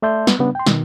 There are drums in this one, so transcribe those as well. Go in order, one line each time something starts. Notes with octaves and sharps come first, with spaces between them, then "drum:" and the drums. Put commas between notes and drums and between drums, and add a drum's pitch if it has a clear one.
A3 D5 E5 A5 C6 G6
B3, drum: snare
C#3 G3 B3 D4
G5 C6
B2 D#3, drum: snare